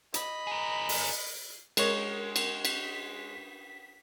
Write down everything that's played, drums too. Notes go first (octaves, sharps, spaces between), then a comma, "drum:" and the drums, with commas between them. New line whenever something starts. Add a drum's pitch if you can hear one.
D#5 B5, drum: hi-hat
G#4 A#4
drum: open hi-hat
G#3 A#4 C#5, drum: cymbal
drum: cymbal
B6, drum: cymbal